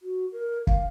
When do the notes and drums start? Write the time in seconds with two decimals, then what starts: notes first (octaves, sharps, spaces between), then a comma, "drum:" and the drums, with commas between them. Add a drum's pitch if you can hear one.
0.02 F#4
0.32 A#4
0.67 F5, drum: kick